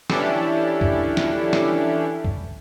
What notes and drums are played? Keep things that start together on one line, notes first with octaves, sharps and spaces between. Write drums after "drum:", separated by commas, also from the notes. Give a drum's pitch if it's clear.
E3 C#4 D4 E4 G4 A4, drum: snare
drum: kick C#2
drum: snare
drum: snare
drum: kick C#2